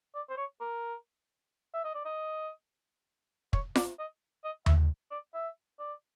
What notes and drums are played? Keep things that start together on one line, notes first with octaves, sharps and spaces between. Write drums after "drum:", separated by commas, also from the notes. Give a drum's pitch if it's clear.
D5
C5
C#5
A#4
E5
D#5
D5
D#5
C#5, drum: kick
D5, drum: snare F4
D#5
D#5
E5, drum: tom D#2
D5
E5
D5